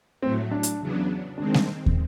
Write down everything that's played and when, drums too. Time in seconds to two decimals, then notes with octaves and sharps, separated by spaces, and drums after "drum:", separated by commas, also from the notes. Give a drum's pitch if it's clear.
0.22 A2 F#3 A3 C4
0.51 D4
0.63 drum: hi-hat
0.80 E2 C#3 F#3 B3 D4
1.38 D#3 G#3 C4 D4
1.54 drum: snare G3
1.86 drum: kick